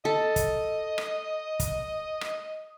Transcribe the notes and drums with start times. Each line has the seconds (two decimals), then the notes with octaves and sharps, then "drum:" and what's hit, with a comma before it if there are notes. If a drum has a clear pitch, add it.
0.05 A4 D#5
0.36 drum: kick, hi-hat
0.98 drum: rim click
1.60 drum: kick, hi-hat
2.21 drum: rim click